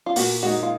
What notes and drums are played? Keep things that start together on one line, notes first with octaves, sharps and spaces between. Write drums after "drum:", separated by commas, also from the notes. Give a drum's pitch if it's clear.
F4
A#2 F#4, drum: open hi-hat
G#3 D#4 F#4
F4